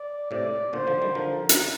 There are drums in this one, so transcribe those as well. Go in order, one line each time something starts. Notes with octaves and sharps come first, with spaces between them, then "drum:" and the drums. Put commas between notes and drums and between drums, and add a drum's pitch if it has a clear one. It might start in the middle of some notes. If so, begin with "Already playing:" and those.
Already playing: D5
A2 C3 D5
A#2 D3 C5
D3 F3
D#3 G3
D3 F3 A#4
drum: hi-hat